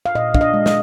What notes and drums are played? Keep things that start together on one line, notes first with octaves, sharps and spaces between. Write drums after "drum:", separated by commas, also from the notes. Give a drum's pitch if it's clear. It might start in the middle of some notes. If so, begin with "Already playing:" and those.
F5
A#2 D#5
D4 F5, drum: kick
D#5
G#3
D#5, drum: snare